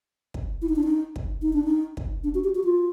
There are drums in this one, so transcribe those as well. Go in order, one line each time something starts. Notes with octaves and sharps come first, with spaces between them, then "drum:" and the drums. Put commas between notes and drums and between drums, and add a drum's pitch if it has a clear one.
drum: kick
E4
D#4
D4
D#4
drum: kick
D#4
D4
D#4
drum: kick
D4
F#4
G4
F#4
F4